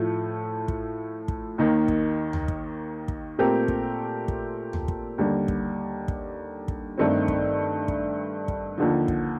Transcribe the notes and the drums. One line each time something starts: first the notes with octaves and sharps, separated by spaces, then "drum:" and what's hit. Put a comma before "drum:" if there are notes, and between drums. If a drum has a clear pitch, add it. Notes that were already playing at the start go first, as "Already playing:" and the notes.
Already playing: A2 F3 A3
drum: kick
drum: kick
D#2 D#3 A#3
drum: kick
drum: tom
drum: kick
drum: kick
A#2 A3 C4 G4 A#4
drum: kick
drum: kick
drum: tom
drum: kick
D#2 D3 G3
drum: kick
drum: kick
drum: kick
G2 D#3 A3 C4
drum: kick
drum: kick
drum: kick
D#2 D3 F3
drum: kick